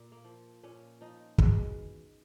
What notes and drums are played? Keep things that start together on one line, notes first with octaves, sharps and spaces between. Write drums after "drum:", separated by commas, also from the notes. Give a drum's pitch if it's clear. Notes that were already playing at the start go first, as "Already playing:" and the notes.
Already playing: A#2
A#3
F3
A#2 C#4
F3 D#4
B2 G#3, drum: kick